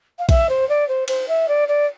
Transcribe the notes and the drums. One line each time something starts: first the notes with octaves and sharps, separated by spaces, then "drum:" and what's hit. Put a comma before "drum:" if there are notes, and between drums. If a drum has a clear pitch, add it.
F5
E5, drum: kick A#1, cymbal
C5
D5
C5
C5, drum: cymbal
E5
D5
D5